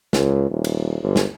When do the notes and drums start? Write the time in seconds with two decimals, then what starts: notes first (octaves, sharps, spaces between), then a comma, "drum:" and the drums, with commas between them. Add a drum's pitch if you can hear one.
0.13 C#2, drum: snare
0.51 D#1
0.64 drum: cymbal
1.03 G1
1.16 drum: snare